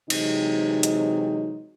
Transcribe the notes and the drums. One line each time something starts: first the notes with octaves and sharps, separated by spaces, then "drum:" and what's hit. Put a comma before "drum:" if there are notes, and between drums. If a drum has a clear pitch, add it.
C3 E3 F#3 G#3 C4 D#4, drum: cymbal
drum: hi-hat